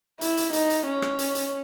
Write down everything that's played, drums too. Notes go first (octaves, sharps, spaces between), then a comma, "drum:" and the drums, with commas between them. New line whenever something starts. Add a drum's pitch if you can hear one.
E4, drum: hi-hat
drum: hi-hat
D#4, drum: hi-hat
drum: hi-hat
C#4
drum: rim click
drum: hi-hat
drum: hi-hat